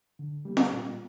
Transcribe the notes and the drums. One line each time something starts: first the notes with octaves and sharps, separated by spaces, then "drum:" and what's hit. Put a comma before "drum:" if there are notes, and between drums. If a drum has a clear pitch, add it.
D3
G3 A#3
drum: snare F4
A#2